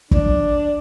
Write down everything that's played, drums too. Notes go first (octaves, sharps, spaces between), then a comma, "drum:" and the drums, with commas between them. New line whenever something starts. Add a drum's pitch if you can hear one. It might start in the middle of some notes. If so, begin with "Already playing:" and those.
D4, drum: kick